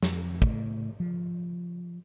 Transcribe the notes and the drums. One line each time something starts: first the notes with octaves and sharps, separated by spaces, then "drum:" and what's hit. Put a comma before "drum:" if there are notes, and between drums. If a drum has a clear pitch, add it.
F2, drum: snare
A2, drum: kick
F3